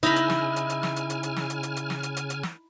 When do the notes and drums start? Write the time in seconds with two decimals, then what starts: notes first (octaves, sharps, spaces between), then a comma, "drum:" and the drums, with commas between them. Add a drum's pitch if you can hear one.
0.03 C#3 D#4 E4 G#5 A#5 B5 F6, drum: hi-hat
0.16 drum: hi-hat
0.30 drum: snare
0.56 drum: hi-hat
0.70 drum: hi-hat
0.83 drum: snare
0.96 drum: hi-hat
1.10 drum: hi-hat
1.23 drum: hi-hat
1.36 drum: snare
1.50 drum: hi-hat
1.63 drum: hi-hat
1.76 drum: hi-hat
1.90 drum: snare
2.03 drum: hi-hat
2.17 drum: hi-hat
2.30 drum: hi-hat
2.43 drum: snare